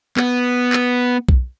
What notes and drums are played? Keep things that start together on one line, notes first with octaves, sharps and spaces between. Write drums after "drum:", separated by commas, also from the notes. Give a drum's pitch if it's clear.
B3, drum: clap
drum: clap
drum: kick B1